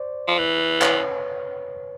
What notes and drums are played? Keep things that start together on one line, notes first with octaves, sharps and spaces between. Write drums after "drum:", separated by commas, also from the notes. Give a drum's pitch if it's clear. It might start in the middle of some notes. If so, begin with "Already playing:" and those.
Already playing: C5 D5
F3
E3
B4 C#5, drum: clap